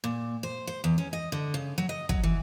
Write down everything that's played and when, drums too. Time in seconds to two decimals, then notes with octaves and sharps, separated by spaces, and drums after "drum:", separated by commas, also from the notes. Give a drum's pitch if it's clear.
0.04 A#2
0.43 C5
0.67 C5
0.84 E2
0.98 C#4
1.13 D#5
1.32 D3
1.54 C#3
1.78 F#3
1.89 D#5
2.09 F#3, drum: kick
2.23 E3